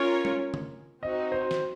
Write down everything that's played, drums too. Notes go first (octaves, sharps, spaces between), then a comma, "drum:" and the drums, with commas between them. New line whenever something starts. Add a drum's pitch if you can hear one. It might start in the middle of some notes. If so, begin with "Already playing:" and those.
Already playing: C#4 F4 A#4 C#5
drum: tom
drum: tom C#3
C4 D#4 F#4 D#5
C5
drum: snare